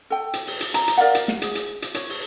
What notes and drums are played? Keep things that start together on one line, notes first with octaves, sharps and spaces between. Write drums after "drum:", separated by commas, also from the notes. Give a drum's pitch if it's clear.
A4 G5
drum: hi-hat
drum: open hi-hat
drum: hi-hat
A#5, drum: hi-hat
drum: hi-hat
A#4 D5 F5 F#5
drum: hi-hat
drum: snare
G#4, drum: hi-hat
drum: hi-hat
drum: hi-hat
C#5, drum: hi-hat
drum: open hi-hat